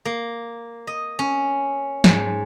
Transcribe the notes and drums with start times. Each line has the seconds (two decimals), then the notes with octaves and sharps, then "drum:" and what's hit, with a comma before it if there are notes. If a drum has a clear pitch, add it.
0.05 A#3
0.87 D#5
1.19 C#4
2.04 G#2, drum: snare